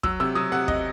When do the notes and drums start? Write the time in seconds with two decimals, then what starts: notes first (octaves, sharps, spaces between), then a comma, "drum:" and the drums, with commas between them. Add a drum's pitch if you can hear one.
0.03 F#3 E6, drum: kick
0.20 C3 E6
0.35 F#3 D#6
0.52 C3 F#5
0.68 D#5, drum: kick